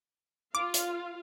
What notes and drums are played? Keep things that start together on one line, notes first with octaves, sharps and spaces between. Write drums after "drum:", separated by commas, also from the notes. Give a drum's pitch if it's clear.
F4 F5 D6
drum: hi-hat